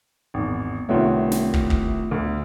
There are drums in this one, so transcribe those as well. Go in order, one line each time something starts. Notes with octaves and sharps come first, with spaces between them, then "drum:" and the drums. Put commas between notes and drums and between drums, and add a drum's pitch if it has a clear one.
G#1 E2
C2 D#3 A3 B3 F4 C#5
drum: snare
drum: kick
drum: kick
D2